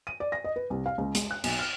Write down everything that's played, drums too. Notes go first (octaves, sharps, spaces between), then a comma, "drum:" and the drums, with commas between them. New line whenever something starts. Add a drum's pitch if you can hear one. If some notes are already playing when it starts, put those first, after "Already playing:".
D#7
D5
A#6
D#5
B4
C2
F5
C#2
G#3, drum: hi-hat
F#6
B1, drum: cymbal
F6